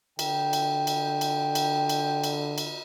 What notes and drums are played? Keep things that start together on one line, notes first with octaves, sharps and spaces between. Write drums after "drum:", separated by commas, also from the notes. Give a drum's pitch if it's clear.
D3 G5, drum: cymbal
drum: cymbal
drum: cymbal
drum: cymbal
drum: cymbal
drum: cymbal
drum: cymbal
drum: cymbal